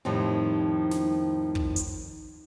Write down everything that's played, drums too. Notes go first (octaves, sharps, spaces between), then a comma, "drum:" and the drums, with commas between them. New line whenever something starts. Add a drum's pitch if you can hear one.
F2 A2 D#3 F3 G3
drum: snare
drum: kick
drum: hi-hat